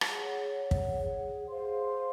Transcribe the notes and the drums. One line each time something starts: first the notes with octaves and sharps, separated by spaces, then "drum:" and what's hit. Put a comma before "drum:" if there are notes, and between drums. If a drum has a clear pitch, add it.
G#4 C#5 F#5, drum: rim click
drum: kick
G#4 C5 F5 C6